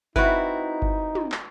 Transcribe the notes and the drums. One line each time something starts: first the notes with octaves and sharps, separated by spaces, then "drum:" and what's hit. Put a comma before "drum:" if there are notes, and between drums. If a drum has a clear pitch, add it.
C4 D#4 E4 F#4 B4, drum: kick G1
drum: kick G1
drum: tom
drum: clap